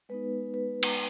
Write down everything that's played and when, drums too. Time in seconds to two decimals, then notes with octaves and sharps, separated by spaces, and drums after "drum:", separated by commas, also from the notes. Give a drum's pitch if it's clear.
0.09 G#3 B3 D#4 B4
0.54 B4
0.83 drum: cymbal